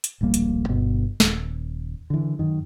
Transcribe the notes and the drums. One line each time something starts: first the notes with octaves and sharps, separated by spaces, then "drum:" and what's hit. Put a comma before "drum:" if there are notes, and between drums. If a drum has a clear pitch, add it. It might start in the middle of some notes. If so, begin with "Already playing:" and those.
drum: hi-hat
D1 A#1 G3 A#3
drum: hi-hat
G1 B2
D#1, drum: snare
D3 E3
F#2 D#3